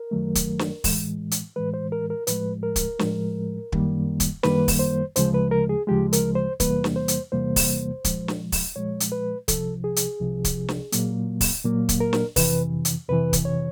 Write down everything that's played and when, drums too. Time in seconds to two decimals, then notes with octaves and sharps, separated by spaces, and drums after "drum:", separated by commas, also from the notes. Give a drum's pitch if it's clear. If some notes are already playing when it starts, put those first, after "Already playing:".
Already playing: A#4
0.11 F#2 D#3 F#3 A3
0.35 drum: kick, hi-hat
0.59 drum: snare
0.84 A2 E3 G#3, drum: kick, open hi-hat
1.31 drum: hi-hat
1.56 A2 E3 G#3 B4
1.74 C5
1.92 A#4
2.10 A#4
2.27 A2 F3 G#3 B4, drum: hi-hat
2.63 A#4
2.76 drum: kick, hi-hat
2.99 A2 F3 G#3, drum: snare
3.72 F#2 D#3 G3 A#3, drum: kick
4.20 drum: kick, hi-hat
4.43 F#2 D#3 G3 A#3 B4, drum: snare
4.68 drum: kick, open hi-hat
4.79 C5
5.16 D2 C#3 F3 G#3 C5, drum: hi-hat
5.34 B4
5.51 A#4
5.69 G#4
5.87 D2 C#3 F3 G#3 G4
6.13 A#4, drum: hi-hat
6.35 C5
6.60 E2 C3 E3 G3 A#3 B4, drum: kick, hi-hat
6.84 drum: snare
6.96 C5
7.08 drum: hi-hat
7.32 E2 C3 E3 G3 A#3 C5
7.56 drum: kick, open hi-hat
8.04 A#2 F3 G#3, drum: kick, hi-hat
8.28 drum: snare
8.52 drum: kick, open hi-hat
8.76 A#2 F3 G#3 C#5
9.00 drum: hi-hat
9.12 B4
9.48 C2 C3 F3 A4, drum: kick, hi-hat
9.84 G#4
9.96 drum: hi-hat
10.20 C2 C3 F3
10.44 drum: kick, hi-hat
10.69 drum: snare
10.92 A#2 F#3 A#3, drum: hi-hat
11.41 drum: kick, open hi-hat
11.65 A#2 F#3 A#3
11.89 drum: kick, hi-hat
12.00 A#4
12.13 drum: snare
12.36 F2 C3 E3 B4, drum: kick, open hi-hat
12.85 drum: hi-hat
13.08 F2 C3 E3 B4
13.33 drum: kick, hi-hat
13.45 C#5